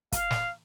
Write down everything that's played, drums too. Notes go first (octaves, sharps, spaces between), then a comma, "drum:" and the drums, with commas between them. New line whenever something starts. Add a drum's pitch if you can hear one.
F5, drum: kick, hi-hat
drum: snare